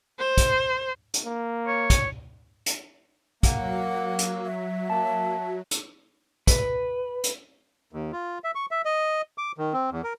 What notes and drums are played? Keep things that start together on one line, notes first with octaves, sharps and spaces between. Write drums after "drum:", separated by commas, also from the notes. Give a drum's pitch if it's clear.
C5
drum: kick, hi-hat
drum: hi-hat
A#3
C#5
drum: kick, hi-hat
drum: hi-hat
F#3 A#3 F#5, drum: kick, hi-hat
drum: hi-hat
E5
A#3 A5
drum: hi-hat
B4, drum: kick, hi-hat
drum: hi-hat
D#2
F4
E5
C#6
E5
D#5
D6
D#3
C4
E2
A#4